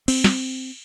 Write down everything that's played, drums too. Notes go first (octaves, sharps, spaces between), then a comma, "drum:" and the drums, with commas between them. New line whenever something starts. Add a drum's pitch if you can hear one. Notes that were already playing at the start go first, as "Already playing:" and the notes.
C4, drum: cymbal
drum: snare